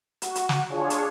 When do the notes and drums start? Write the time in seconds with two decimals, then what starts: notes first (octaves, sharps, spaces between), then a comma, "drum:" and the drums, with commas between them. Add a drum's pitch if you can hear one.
0.22 F#4, drum: hi-hat
0.35 drum: hi-hat
0.49 drum: snare
0.70 D4 F4 G#4 C#5
0.90 drum: hi-hat